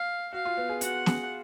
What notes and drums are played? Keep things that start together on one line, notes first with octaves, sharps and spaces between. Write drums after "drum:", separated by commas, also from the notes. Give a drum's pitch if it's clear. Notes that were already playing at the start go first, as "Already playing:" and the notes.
Already playing: F5
F#4 F5
F4
B3
G#4
F#4 F#5, drum: hi-hat
G#4, drum: snare